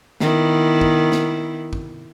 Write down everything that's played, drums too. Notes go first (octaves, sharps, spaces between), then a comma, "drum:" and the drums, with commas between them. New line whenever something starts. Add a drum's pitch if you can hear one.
D#3 B3 E4, drum: snare
drum: kick
drum: snare
drum: kick